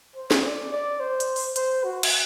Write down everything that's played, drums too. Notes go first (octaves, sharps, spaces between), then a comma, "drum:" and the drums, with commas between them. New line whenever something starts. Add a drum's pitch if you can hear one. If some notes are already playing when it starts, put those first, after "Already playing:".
C5
drum: snare
D5
D5
C5
drum: hi-hat
drum: open hi-hat
C5, drum: hi-hat
F#4
drum: cymbal